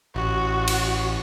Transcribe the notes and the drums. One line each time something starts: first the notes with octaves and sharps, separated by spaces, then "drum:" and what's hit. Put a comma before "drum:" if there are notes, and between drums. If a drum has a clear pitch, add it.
A1 F#4
drum: cymbal